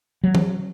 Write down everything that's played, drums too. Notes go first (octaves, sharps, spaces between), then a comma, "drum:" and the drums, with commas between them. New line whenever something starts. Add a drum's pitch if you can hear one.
F#3
drum: tom E3